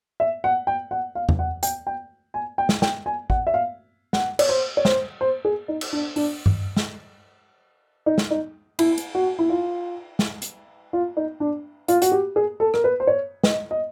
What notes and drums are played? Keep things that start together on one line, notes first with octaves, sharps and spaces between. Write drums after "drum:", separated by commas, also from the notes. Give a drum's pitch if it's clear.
E5
F#5
G5
F#5
F5
drum: tom E2
F#5
G5, drum: hi-hat
G5
G#5
G5
drum: snare
G5, drum: snare
G#5
F#5, drum: kick
E5
F5
F#5, drum: snare
C#5, drum: cymbal
C5
C#5
C5, drum: snare
C5
G#4
D#4
drum: cymbal
D4
D4, drum: open hi-hat
drum: tom G2
drum: snare
D#4
drum: snare
D#4
E4, drum: cymbal
drum: hi-hat
F#4
E4
F4
drum: snare
drum: hi-hat
F4
D#4
D4
F4, drum: hi-hat
F#4, drum: hi-hat
G4
G#4
A4
A#4, drum: rim click
B4
C5
C#5
D#5, drum: snare
D#5